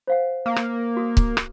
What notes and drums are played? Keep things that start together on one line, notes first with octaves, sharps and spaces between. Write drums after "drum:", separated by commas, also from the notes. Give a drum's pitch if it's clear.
C5 F5 F#5
A#3 F5
drum: rim click
F#4 D#6
drum: kick C#1
drum: rim click